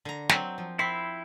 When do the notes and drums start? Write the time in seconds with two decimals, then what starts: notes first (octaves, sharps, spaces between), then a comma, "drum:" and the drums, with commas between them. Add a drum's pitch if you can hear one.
0.05 D3 A#5
0.29 F#3 C4, drum: snare
0.58 F3
0.79 C4 E4 B5 C6